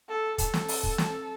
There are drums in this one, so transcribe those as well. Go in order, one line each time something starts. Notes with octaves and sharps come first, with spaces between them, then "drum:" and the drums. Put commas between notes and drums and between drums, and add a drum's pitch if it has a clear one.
A4
A4, drum: kick, hi-hat
drum: snare
drum: open hi-hat
drum: kick
drum: snare